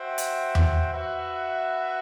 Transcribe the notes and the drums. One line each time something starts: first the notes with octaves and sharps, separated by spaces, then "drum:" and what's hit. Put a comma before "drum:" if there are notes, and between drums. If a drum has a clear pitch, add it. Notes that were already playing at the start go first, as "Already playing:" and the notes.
Already playing: F#4 C5 E5 G5
drum: hi-hat
drum: tom E2
F#4 B4 E5